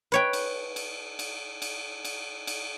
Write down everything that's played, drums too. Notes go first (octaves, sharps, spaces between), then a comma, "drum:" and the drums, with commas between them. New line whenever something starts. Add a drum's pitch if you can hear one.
B4 C#5 G5
drum: cymbal
drum: cymbal
drum: cymbal
drum: cymbal
drum: cymbal
drum: cymbal